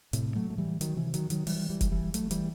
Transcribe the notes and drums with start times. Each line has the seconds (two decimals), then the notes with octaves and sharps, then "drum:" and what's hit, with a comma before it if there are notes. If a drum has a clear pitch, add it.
0.13 A2 C3, drum: hi-hat
0.35 F#3 A3
0.50 A3
0.58 E3 G3
0.81 D#3 F#3, drum: hi-hat
0.96 C3 E3
1.14 D#3 F#3, drum: hi-hat
1.30 D#3 F#3, drum: hi-hat
1.47 E3 G3, drum: open hi-hat
1.70 E3 G3
1.81 drum: kick F1, hi-hat
1.91 E3 G3
2.14 F#3 A3, drum: hi-hat
2.31 E3 G3, drum: hi-hat